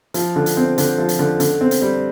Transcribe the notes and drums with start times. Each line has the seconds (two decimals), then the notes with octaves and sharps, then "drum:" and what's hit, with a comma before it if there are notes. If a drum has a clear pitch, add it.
0.14 F3, drum: hi-hat
0.36 D3
0.46 drum: hi-hat
0.57 C4
0.78 D3, drum: hi-hat
0.98 F3
1.09 drum: hi-hat
1.19 D3
1.40 D3, drum: hi-hat
1.61 C4
1.71 drum: hi-hat
1.81 G3